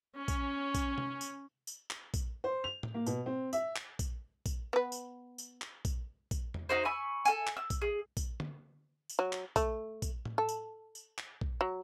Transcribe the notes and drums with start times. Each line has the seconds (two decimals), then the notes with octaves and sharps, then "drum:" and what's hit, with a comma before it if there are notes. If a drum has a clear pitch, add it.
0.17 C#4
0.28 drum: kick, tambourine
0.75 drum: kick, tambourine
0.98 drum: tom C3
1.21 drum: tambourine
1.67 drum: tambourine
1.90 drum: clap
2.14 drum: kick, tambourine
2.44 C5
2.64 F7
2.83 drum: tom A2
2.94 A#3
3.06 B2, drum: tambourine
3.26 C4
3.53 E5, drum: tambourine
3.76 drum: clap
3.99 drum: kick, tambourine
4.46 drum: kick, tambourine
4.73 B3 B4
4.92 drum: tambourine
5.38 drum: tambourine
5.62 drum: clap
5.85 drum: kick, tambourine
6.31 drum: kick, tambourine
6.54 drum: tom E2
6.69 D#4 F#4 C5
6.85 G#5 B5 C#6 E6
7.25 A4 G#5, drum: tambourine
7.47 drum: clap
7.57 E6
7.70 drum: kick, tambourine
7.82 G#4
8.17 drum: kick, tambourine
8.40 drum: tom D3
9.09 drum: tambourine
9.19 F#3
9.33 drum: clap
9.56 A3, drum: kick, tambourine
10.02 drum: kick, tambourine
10.25 drum: tom A2
10.38 A4
10.49 drum: tambourine
10.95 drum: tambourine
11.18 drum: clap
11.41 drum: kick
11.61 F#3